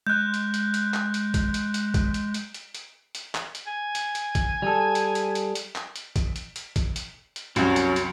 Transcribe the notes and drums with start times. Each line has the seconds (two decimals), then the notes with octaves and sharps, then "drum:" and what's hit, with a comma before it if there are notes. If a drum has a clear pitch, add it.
0.07 G#3 F#6 G6
0.34 drum: hi-hat
0.54 drum: hi-hat
0.74 drum: hi-hat
0.94 drum: clap
1.14 drum: hi-hat
1.34 drum: kick, hi-hat
1.54 drum: hi-hat
1.74 drum: hi-hat
1.94 drum: kick, hi-hat
2.14 drum: hi-hat
2.34 drum: hi-hat
2.54 drum: hi-hat
2.75 drum: hi-hat
3.15 drum: hi-hat
3.35 drum: clap
3.55 drum: hi-hat
3.67 G#5
3.95 drum: hi-hat
4.15 drum: hi-hat
4.35 drum: kick, hi-hat
4.62 G3 G#4 A4
4.95 drum: hi-hat
5.15 drum: hi-hat
5.35 drum: hi-hat
5.55 drum: hi-hat
5.75 drum: clap
5.96 drum: hi-hat
6.16 drum: kick, hi-hat
6.36 drum: hi-hat
6.56 drum: hi-hat
6.76 drum: kick, hi-hat
6.96 drum: hi-hat
7.36 drum: hi-hat
7.56 C2 F#2 F#3 C#4, drum: hi-hat
7.76 drum: hi-hat
7.96 drum: hi-hat